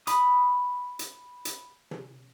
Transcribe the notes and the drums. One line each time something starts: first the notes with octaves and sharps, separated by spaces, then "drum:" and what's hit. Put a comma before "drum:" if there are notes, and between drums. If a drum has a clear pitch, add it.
B5 D#6, drum: hi-hat
drum: hi-hat
drum: hi-hat
drum: tom